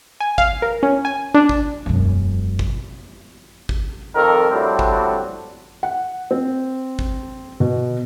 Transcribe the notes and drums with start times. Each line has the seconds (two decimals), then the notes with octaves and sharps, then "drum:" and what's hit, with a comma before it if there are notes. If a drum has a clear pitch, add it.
0.20 G#5
0.38 F5, drum: kick G#1
0.62 A#4
0.83 C#4
1.05 G#5
1.34 D4
1.49 drum: kick G#1
1.86 E1 F#2
2.59 drum: kick G#1
3.69 drum: kick G#1
4.14 F2 D#3 A4 A#4
4.50 A2 G3 C4 D4 F#4
4.79 drum: kick G#1
5.83 F#5
6.31 C4
6.99 drum: kick G#1
7.60 B2